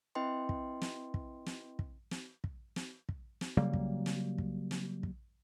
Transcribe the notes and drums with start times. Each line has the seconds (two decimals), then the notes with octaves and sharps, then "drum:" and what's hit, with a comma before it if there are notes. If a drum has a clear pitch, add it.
0.15 C4 E4 B4 D#5 G5 C6
0.49 drum: kick
0.82 drum: snare
1.14 drum: kick
1.46 drum: snare
1.79 drum: kick
2.11 drum: snare
2.44 drum: kick
2.76 drum: snare
3.09 drum: kick
3.41 drum: snare
3.57 C#3 F#3 G3 A#3
3.73 drum: kick
4.06 drum: snare
4.38 drum: kick
4.71 drum: snare
5.03 drum: kick